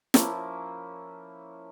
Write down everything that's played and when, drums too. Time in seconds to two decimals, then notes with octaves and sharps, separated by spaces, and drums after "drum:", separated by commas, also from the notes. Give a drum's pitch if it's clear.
0.14 F3 A#3 C#4 E4, drum: snare